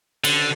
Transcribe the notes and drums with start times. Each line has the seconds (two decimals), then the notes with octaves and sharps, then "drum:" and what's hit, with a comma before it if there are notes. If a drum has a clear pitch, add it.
0.24 D3, drum: cymbal